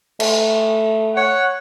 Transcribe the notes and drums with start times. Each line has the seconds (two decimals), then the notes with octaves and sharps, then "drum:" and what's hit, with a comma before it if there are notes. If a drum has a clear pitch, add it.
0.20 A3, drum: cymbal
1.15 C#5 F#5